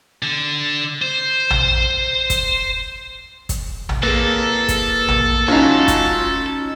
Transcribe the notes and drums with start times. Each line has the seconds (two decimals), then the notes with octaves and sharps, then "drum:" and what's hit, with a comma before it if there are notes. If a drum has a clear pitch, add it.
0.23 D3
1.02 C5
1.50 drum: tom A#1
2.30 drum: kick, hi-hat
3.49 drum: kick, hi-hat
3.89 drum: tom A#1
4.03 A#3 G#4 A4 B4
4.69 drum: kick, hi-hat
5.08 drum: tom A#1
5.48 C#4 D#4 F4 F#4 F5 G#5 A#5
5.88 drum: kick, hi-hat